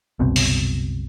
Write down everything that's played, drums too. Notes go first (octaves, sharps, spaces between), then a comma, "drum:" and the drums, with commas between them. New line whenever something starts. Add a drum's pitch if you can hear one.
F#1 C2 B2 C4
drum: open hi-hat